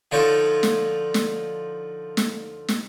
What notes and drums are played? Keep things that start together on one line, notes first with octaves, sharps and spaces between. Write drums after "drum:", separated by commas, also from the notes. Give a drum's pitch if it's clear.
D3 F3 D#4 C#5 D5
drum: snare
drum: snare
drum: snare
drum: snare